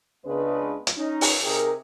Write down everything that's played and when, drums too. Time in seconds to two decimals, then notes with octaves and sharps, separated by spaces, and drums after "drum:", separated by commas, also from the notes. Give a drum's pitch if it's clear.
0.25 C#2 C#3 G#3 B3 D4 B4
0.87 drum: hi-hat
0.97 C#4 D#4
1.21 drum: open hi-hat
1.44 C3 D#4 G4 G#4 A#4